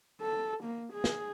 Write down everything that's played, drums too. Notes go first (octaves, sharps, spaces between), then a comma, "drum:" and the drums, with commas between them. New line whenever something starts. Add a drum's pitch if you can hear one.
A4
A#3
G#4
drum: snare